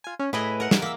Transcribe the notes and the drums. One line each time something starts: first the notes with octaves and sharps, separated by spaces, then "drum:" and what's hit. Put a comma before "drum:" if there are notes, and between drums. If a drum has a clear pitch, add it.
F4 G#5
C#4
A2 E4 G#4 B4 D#5
A#4 F#5
drum: snare
A#3 E6 B6